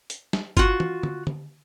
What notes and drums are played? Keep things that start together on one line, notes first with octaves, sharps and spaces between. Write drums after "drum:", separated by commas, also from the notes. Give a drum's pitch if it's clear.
drum: hi-hat
drum: snare
F4 F#4, drum: kick G1, hi-hat
drum: tom
drum: tom
drum: tom